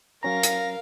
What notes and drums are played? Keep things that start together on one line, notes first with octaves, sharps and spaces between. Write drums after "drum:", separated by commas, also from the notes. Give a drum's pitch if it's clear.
F#3 C#4 A#4 F5 A#5 A#6
drum: hi-hat